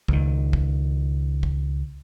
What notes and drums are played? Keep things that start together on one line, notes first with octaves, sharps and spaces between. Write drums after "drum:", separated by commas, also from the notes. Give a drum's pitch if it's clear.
C#2 D#3, drum: kick
drum: kick
drum: kick